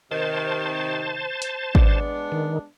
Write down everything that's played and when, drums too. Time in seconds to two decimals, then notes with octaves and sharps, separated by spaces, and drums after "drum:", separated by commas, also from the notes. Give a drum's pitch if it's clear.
0.11 C3 D#3 C5 A5
1.42 drum: hi-hat
1.75 G#3 B3 D4, drum: kick G#1
2.32 D#3